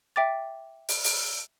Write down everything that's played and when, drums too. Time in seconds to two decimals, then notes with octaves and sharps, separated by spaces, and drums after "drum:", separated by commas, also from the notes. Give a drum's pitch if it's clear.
0.16 E5 G5 D6 A6
0.88 drum: open hi-hat
1.04 drum: open hi-hat